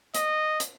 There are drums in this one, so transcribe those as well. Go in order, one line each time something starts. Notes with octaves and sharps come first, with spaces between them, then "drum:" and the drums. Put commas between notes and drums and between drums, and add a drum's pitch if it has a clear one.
D#5, drum: hi-hat
drum: hi-hat